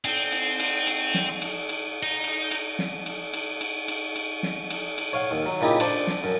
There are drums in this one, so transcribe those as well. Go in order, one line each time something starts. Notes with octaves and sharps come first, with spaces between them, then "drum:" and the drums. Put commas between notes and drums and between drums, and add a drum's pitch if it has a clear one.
C4, drum: cymbal
drum: cymbal
drum: cymbal
drum: cymbal
drum: snare
drum: cymbal
drum: cymbal
D#4
drum: cymbal
drum: cymbal
drum: snare
drum: cymbal
drum: cymbal
drum: cymbal
drum: cymbal
drum: cymbal
drum: snare
drum: cymbal
drum: cymbal
C#5 F5 F#5
D#2
F#3
A#2 C#3 D#4 E4 G4
D4 C5, drum: cymbal
drum: snare
F#2